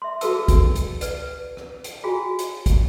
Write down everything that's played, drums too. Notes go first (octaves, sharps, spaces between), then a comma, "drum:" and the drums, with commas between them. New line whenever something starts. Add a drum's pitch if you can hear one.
E5 C6
F#4 G#4 A4 B4 A5 E6, drum: hi-hat
drum: kick, hi-hat
drum: hi-hat
B4 D5, drum: hi-hat
drum: rim click
drum: hi-hat
F4 F#4 G#4 G5 G#5
drum: hi-hat
drum: kick, hi-hat